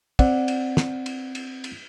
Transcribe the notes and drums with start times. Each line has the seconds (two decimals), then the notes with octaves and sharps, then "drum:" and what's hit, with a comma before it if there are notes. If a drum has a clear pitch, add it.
0.19 C4 D5 F#5, drum: kick, cymbal
0.48 drum: cymbal
0.77 drum: snare
1.06 drum: cymbal
1.35 drum: cymbal
1.64 drum: cymbal